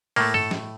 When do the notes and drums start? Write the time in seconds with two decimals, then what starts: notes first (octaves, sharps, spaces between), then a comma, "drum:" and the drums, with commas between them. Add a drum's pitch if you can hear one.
0.16 A2 A3 A#3, drum: open hi-hat
0.34 A4, drum: tom G2
0.51 drum: snare